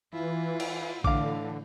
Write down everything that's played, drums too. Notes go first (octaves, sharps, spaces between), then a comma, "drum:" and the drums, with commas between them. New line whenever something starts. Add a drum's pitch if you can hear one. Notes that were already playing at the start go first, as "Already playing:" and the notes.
E3 E4 F4
drum: cymbal
A2 D3 E3 F5 D6, drum: kick A#1